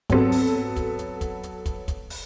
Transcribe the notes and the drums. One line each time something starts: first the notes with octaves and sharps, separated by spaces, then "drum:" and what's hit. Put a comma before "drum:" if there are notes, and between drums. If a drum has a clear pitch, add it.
G#2 F#3 B3 C4 A4, drum: kick, hi-hat
drum: open hi-hat
drum: kick, hi-hat
drum: hi-hat
drum: kick, hi-hat
drum: hi-hat
drum: kick, hi-hat
drum: kick, hi-hat
drum: open hi-hat